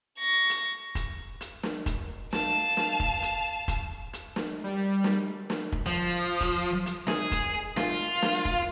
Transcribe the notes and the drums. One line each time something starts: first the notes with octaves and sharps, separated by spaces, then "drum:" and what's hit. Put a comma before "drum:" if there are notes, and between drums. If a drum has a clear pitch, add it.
C#6 A#6
drum: hi-hat
drum: kick, hi-hat
drum: hi-hat
drum: snare
drum: kick, hi-hat
F5 A5, drum: snare
drum: snare
drum: kick
drum: hi-hat
drum: kick, hi-hat
drum: hi-hat
drum: snare
G3
drum: snare
drum: snare
drum: kick
F3
drum: kick, hi-hat
drum: hi-hat
G#4, drum: snare
drum: kick, hi-hat
F4, drum: snare
drum: snare
drum: kick